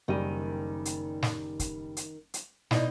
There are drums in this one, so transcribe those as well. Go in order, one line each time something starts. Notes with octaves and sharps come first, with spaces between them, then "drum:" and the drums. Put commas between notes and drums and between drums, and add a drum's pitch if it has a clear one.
F#1 D#3 G3 D#7
drum: hi-hat
drum: snare
drum: kick, hi-hat
drum: hi-hat
drum: hi-hat
B2 D#4 E4 D5, drum: snare